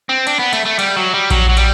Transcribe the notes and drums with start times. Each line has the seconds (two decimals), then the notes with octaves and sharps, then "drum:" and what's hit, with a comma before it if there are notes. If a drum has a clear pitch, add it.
0.09 C4
0.27 D4, drum: cymbal
0.39 B3
0.53 A3, drum: cymbal
0.65 A3
0.79 G3, drum: cymbal
0.96 F#3
1.14 G3
1.30 F#3, drum: kick A#1, cymbal
1.49 F#3
1.57 G3, drum: cymbal